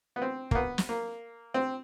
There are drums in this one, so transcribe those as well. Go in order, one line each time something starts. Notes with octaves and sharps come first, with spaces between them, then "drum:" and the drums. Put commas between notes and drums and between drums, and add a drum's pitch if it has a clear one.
B3
C4
A#3, drum: kick
B3
drum: snare
A#3
C4